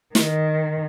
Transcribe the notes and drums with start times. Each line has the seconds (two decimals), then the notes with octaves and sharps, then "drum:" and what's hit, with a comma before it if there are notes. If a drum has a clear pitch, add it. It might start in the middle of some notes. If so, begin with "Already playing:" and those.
0.15 D#3, drum: snare